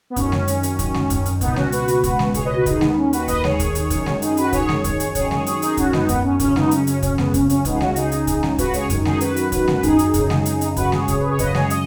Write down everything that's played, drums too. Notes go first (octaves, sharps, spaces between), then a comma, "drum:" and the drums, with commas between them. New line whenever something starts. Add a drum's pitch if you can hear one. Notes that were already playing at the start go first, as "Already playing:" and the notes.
B3
F#2 D#3 C#4, drum: kick, hi-hat
drum: snare
drum: hi-hat
drum: hi-hat
drum: kick, hi-hat
drum: snare
drum: kick, hi-hat
drum: hi-hat
C#2 B2 B3 D#4, drum: kick, hi-hat
C#4 F#4, drum: snare
F#4 B4, drum: hi-hat
drum: hi-hat
drum: kick, hi-hat
drum: snare
G#4 C#5, drum: kick, hi-hat
B4 D#5
F#4 B4
D#2 D#3 D#4 G#4, drum: kick, hi-hat
B3, drum: snare
C#4
F#4 B4, drum: hi-hat
B4 D#5, drum: kick, hi-hat
G#4 C#5, drum: snare
drum: kick, hi-hat
drum: hi-hat
F#2 D#3, drum: kick, hi-hat
drum: snare
D#4 G#4, drum: hi-hat
F#4 B4, drum: hi-hat
G#4 C#5, drum: kick, hi-hat
drum: snare
drum: kick, hi-hat
drum: hi-hat
F#2 D#3 G#4 C#5, drum: kick, hi-hat
G#4 C#5, drum: snare
G#4 C#5, drum: hi-hat
D#4 G#4, drum: hi-hat
C#4 F#4, drum: kick, hi-hat
B3 D#4, drum: snare
B3, drum: kick, hi-hat
C#4
F#2 C#3 C#4, drum: kick, hi-hat
B3 D#4, drum: snare
C#4, drum: hi-hat
C#4, drum: hi-hat
C#4, drum: kick, hi-hat
B3, drum: snare
C#4, drum: kick, hi-hat
C#4, drum: hi-hat
C#2 C#3 B3 D#4, drum: kick, hi-hat
G#4
C#4 F#4, drum: snare
D#4 G#4, drum: hi-hat
drum: hi-hat
drum: kick, hi-hat
drum: snare
F#4 B4, drum: kick, hi-hat
G#4 C#5, drum: hi-hat
F#2 D#3, drum: kick, hi-hat
D#4 G#4, drum: snare
F#4 B4, drum: hi-hat
drum: hi-hat
drum: kick, hi-hat
drum: snare
B4
D#4 G#4, drum: kick, hi-hat
drum: hi-hat
F#2 C#3, drum: kick, hi-hat
drum: snare
drum: hi-hat
drum: hi-hat
F#4 B4, drum: kick, hi-hat
G#4 C#5, drum: snare
drum: kick, hi-hat
B4
C#5
F#2 C#3 B4 D#5, drum: kick, hi-hat
G#4 C#5, drum: snare
D#5, drum: hi-hat